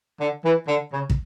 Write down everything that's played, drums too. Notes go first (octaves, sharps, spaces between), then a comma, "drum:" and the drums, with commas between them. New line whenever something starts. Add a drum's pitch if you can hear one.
D3
E3
D3
C#3
drum: kick